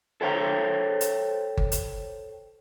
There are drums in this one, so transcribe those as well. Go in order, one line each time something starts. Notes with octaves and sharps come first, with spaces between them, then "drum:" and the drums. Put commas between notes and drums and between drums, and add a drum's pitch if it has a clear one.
A4 C5 C#5 G5 A#5
drum: hi-hat
drum: kick G1
drum: hi-hat